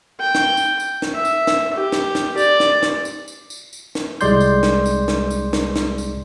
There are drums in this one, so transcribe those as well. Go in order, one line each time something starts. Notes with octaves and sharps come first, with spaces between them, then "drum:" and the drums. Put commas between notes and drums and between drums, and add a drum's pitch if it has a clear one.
G5
drum: snare
drum: tambourine
drum: tambourine
drum: snare
E5
drum: tambourine
drum: snare
G4
drum: snare
drum: snare
D5, drum: tambourine
drum: snare
drum: snare
drum: tambourine
drum: tambourine
drum: tambourine
drum: tambourine
drum: snare
C2 G3 G#3 D5 C6 G6, drum: tambourine
drum: tambourine
drum: snare
drum: tambourine
drum: snare
drum: tambourine
drum: snare
drum: snare
drum: tambourine